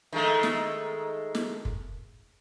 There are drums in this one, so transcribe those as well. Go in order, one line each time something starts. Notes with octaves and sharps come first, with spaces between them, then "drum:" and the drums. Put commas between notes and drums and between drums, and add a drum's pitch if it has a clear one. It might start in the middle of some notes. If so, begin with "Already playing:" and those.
D#3 G#3 A3
drum: snare
drum: snare
drum: kick